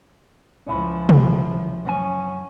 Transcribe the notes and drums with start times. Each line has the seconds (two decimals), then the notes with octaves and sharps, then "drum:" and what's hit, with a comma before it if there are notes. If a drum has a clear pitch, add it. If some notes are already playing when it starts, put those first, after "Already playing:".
0.66 C#2 F3 C#4 E4
1.09 drum: tom
1.85 F#2 C#4 G#5